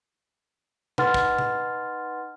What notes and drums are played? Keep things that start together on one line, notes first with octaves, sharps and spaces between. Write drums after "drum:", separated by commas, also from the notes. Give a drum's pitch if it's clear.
D#4 B4 F#5 C6 F6 A6, drum: tom B2
drum: kick
drum: tom B2